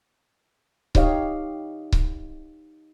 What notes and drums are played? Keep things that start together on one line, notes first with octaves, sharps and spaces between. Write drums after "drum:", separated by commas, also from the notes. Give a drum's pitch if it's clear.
D#4 G4 C#5 D#5 F5, drum: kick C#1
drum: kick C#1